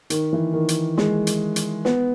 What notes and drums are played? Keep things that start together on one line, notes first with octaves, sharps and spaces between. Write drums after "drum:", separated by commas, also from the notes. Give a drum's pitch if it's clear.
D#3, drum: hi-hat
E3
D#3
drum: hi-hat
G#3, drum: snare
drum: hi-hat
drum: hi-hat
B3, drum: snare